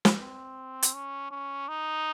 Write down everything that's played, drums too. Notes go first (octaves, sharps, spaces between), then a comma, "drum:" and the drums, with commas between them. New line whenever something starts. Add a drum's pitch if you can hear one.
drum: snare
C4
drum: hi-hat
C#4
C#4
D#4